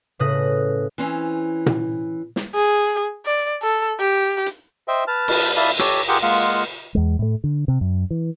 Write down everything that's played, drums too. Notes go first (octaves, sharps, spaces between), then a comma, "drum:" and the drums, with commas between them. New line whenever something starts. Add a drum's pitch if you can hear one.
A2 C#3 B4 D#6 F#6 A#6
E3 C4 C#4
drum: tom A#2
drum: snare
G#4
D5
A4
G4
drum: hi-hat
C5 D#5 E5 G5
B4 A5 F6
drum: cymbal
E4 D5 E5 F5 A5 B5
G4 A4 C#5, drum: rim click
F4 G4 G#4 A#4 F#5 G5
G#3 A#3 F4 D#5 F5 F#5
E2 G#3
A2 A3
D3
C3
F#2
E3